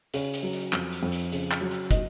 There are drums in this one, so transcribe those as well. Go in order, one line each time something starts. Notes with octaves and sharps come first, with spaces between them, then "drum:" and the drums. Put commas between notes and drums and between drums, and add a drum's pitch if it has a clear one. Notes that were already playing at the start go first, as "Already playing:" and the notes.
C#3 C#5, drum: hi-hat
drum: hi-hat
F#3
drum: hi-hat
F2, drum: clap
drum: hi-hat
F2
drum: hi-hat
C#3, drum: hi-hat
drum: clap
F#3
drum: hi-hat
D#5, drum: kick, hi-hat